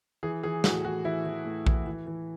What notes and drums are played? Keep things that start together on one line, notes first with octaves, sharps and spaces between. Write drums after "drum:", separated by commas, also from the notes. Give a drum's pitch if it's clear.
E3 G#4
E3 G#4
A2 F#4, drum: snare
E3 F#4
E3 E4
E3
A2
E3, drum: kick A#1
E3
E3